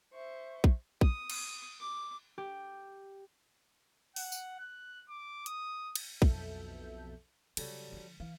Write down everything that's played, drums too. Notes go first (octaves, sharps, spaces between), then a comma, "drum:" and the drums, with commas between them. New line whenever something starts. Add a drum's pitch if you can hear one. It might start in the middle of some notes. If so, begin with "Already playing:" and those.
C5 E5 C#6
drum: kick
D#6, drum: kick
drum: cymbal
D6
G4
F#5, drum: open hi-hat
drum: tambourine
F#6
D6
D#6, drum: hi-hat
drum: cymbal
B1 F2 B2 A4 E5 G6, drum: kick
C#3 F#3 G3 A4, drum: cymbal
D3 F3
E3 F5